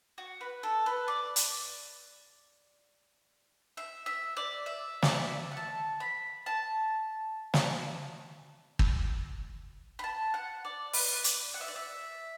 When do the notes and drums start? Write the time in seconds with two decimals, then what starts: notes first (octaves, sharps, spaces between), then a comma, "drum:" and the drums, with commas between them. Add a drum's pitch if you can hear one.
0.18 F#4
0.41 B4
0.63 A4
0.86 B4
1.08 D5
1.36 drum: hi-hat
3.77 E5
4.06 E5
4.37 D5
4.66 E5
5.02 D5, drum: snare
5.12 E5
5.52 F#5
5.57 A5
6.00 B5
6.46 A5
7.54 drum: snare
8.79 drum: kick
9.99 B5
10.04 A5
10.34 F#5
10.65 D5
10.93 B4, drum: open hi-hat
11.24 D5, drum: hi-hat
11.54 F#5
11.61 E5
11.68 D5
11.76 E5